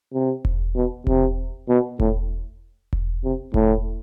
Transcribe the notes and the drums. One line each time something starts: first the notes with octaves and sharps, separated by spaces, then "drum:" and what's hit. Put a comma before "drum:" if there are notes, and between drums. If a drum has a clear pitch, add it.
C3
drum: kick E1
B2
C3, drum: kick E1
B2
A2, drum: kick E1
drum: kick E1
C3
A2, drum: kick E1